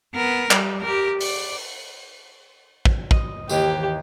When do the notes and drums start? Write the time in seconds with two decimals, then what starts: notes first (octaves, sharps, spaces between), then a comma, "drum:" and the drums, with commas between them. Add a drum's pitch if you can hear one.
0.15 B3 A#4
0.51 G3, drum: clap
0.81 G4 A#4
1.21 D5, drum: open hi-hat
2.85 drum: kick
3.11 D#5, drum: kick
3.49 D#2 D#3 E3 G4, drum: tambourine